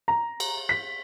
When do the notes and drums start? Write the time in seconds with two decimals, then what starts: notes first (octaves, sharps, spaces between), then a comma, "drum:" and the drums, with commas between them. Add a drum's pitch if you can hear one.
0.08 A#5
0.40 drum: cymbal
0.69 B6